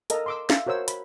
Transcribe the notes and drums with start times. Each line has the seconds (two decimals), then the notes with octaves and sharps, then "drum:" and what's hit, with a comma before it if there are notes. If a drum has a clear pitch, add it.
0.10 A4 A#4 D#5 A#5, drum: hi-hat
0.26 C6 D6 E6
0.50 E5 F5, drum: snare
0.67 F#4 A#4 C5 C#5 E6
0.88 B5, drum: hi-hat